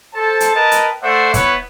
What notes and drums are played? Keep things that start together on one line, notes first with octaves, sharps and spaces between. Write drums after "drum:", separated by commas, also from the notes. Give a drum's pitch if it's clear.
A4 C5 A5
drum: hi-hat
A#4 B4 D#5 G5 A5
drum: hi-hat
A3 A4 C5 D5 E5 F#5
B3 E4 B4 C#5, drum: kick, hi-hat